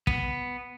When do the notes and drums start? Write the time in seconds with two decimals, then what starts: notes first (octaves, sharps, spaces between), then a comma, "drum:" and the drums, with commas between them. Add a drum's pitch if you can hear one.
0.07 B3, drum: kick